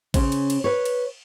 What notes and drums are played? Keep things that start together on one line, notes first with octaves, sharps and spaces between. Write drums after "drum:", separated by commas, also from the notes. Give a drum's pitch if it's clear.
C#3 C#4 C5, drum: kick A1, cymbal
drum: cymbal
drum: cymbal
B4 C#5
drum: cymbal